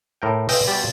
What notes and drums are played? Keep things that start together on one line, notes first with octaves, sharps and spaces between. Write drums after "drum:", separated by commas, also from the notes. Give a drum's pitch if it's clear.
A2 A#4 G5
B4 D#5 E5 G5 G#5, drum: open hi-hat
B2 G3 G4 A6